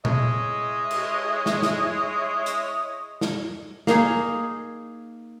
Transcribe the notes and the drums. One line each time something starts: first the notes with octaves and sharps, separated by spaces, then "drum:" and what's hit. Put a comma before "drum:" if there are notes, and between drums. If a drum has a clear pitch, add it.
G#3 E4 C#5 D#5, drum: tom A#2
drum: cymbal
drum: snare
drum: snare
drum: hi-hat
drum: snare
A#3 D#4 G#4, drum: snare